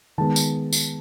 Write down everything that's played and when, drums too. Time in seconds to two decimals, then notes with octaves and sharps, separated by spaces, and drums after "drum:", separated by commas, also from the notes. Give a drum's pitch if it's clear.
0.18 D#3 G#3 B3 A5
0.36 drum: tambourine
0.73 drum: tambourine